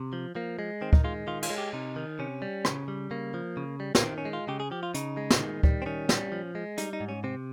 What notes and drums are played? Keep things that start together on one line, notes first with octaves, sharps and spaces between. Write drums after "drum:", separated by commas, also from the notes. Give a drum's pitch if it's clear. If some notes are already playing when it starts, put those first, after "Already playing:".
Already playing: C3
F3
F3 A#3
G#3
D#3 C4
D#4, drum: kick D2
G#3 F4
D#3 F4
F4, drum: cymbal
G#3
G4
C3 D#4
D#3
C3 C#4
G3
C#3, drum: rim click
G3
C#3 A#3
F3
C#3
G3
A#3, drum: snare
D#3 C4
C#4
G#3
F4
C#3 G4
G#4
F3 G4
F4
C#3 D#4, drum: hi-hat
G#3
drum: snare
D#3
G3, drum: kick D2
C4
D#3 C#4
G3, drum: snare
F3
G#3
G3 D#4, drum: hi-hat
D#4
G#2
C#4
C3 C4